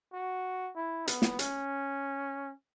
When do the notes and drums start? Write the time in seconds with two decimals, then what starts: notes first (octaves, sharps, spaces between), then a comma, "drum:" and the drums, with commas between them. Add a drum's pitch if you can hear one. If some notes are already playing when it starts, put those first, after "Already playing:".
0.13 F#4
0.76 E4
1.07 B3, drum: hi-hat
1.22 drum: snare
1.39 C#4, drum: hi-hat